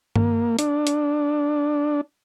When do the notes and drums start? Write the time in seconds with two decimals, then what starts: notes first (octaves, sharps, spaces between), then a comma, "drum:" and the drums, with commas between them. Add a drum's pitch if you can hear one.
0.16 A#3, drum: tom G2
0.59 D4, drum: hi-hat
0.87 drum: hi-hat